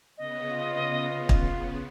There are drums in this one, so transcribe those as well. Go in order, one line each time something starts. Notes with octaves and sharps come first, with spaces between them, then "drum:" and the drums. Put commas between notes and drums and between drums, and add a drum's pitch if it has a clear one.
C#3 B3 D#5
F4
drum: kick